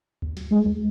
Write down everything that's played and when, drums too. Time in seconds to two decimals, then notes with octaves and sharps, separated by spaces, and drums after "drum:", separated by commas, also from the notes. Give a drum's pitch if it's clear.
0.22 drum: kick D2
0.37 drum: snare
0.52 G#3
0.66 drum: kick D2